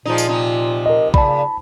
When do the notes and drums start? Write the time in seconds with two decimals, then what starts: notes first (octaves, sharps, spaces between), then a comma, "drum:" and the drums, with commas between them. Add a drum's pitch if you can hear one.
0.06 A#2 F3 G#3 D#4
0.18 drum: tambourine
0.28 C3 F3 D#4
0.86 A#4 D#5
1.14 A#2 C#3 A5 B5, drum: kick A#1